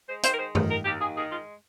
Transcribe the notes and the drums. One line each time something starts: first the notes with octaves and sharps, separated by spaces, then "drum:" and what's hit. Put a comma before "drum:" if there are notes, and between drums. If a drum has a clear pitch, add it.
G#3 C5
D#3 C5, drum: hi-hat
A#4
G#3 C5
D#3, drum: tom
D#2 A#4
D#2 G4
D#2 G#4
D#3 G#4
G#3 F4